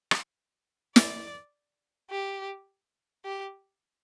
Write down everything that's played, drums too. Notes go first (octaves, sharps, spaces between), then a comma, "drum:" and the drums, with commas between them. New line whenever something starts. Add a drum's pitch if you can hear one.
drum: rim click
D5, drum: snare
G4
G4